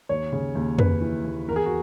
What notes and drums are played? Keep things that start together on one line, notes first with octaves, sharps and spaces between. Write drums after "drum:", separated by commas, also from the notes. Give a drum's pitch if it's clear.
D#2 C#5
C#3
D#2
C#3 B4, drum: tom F2
E3
D#2
E2 A#4
G#4
F#4